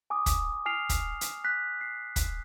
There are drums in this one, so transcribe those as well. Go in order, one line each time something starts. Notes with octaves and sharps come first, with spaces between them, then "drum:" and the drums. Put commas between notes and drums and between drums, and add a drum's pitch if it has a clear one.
G#5 D6 D#6
drum: kick, hi-hat
G#5 F6 C7 F7
drum: kick, hi-hat
drum: hi-hat
F#6 B6
C7
drum: kick, hi-hat